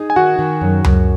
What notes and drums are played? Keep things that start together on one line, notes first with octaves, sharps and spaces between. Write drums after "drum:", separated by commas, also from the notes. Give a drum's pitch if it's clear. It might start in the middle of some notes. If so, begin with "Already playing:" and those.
Already playing: D#4 G#4
G#5
D#3 F#4 F#5
D#3
F#2
F#2, drum: tom C#2